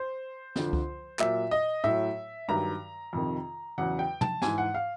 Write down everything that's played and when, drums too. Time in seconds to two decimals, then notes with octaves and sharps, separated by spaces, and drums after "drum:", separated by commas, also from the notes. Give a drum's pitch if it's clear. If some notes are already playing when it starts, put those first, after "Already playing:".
Already playing: C5
0.56 F2 D3 F3, drum: snare
0.73 drum: kick C#2
1.19 A#2 F#3 E5, drum: clap
1.51 D#5
1.84 A2 F#3 E5
2.48 G2 D#3 F#3 A#5
3.13 F2 C3 D#3
3.78 E2 C#3 F#3 F#5
3.99 G5
4.21 A5, drum: tom
4.42 G#2 E3 G#5, drum: snare
4.58 F#5
4.74 F5